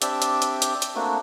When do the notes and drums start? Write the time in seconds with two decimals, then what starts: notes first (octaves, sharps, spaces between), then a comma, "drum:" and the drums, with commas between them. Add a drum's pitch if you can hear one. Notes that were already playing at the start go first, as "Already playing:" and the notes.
0.02 C4 D4 G4 D5 E5, drum: hi-hat
0.22 drum: hi-hat
0.42 drum: hi-hat
0.62 drum: hi-hat
0.82 drum: hi-hat
0.95 A3 A#3 C4 D4 F#4